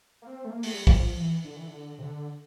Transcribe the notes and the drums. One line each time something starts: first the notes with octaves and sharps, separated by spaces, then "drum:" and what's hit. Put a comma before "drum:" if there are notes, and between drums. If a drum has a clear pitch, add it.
A#3
C4
A3
A#3
A3, drum: open hi-hat
G3
G3, drum: kick
F3
F3
E3
D3
E3
D3
C3
D3